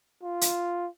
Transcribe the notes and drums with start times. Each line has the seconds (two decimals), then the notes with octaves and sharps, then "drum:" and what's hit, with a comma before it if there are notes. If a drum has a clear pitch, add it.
0.23 F4
0.41 drum: hi-hat